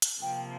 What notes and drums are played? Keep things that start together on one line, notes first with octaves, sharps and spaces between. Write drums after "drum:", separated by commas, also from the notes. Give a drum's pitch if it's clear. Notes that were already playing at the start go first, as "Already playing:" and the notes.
drum: hi-hat
C3 F3 A#3 G5